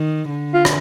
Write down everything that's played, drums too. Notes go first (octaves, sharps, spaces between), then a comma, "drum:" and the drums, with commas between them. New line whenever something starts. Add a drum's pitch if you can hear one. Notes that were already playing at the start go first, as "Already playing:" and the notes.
Already playing: D#3
D3
F4
drum: rim click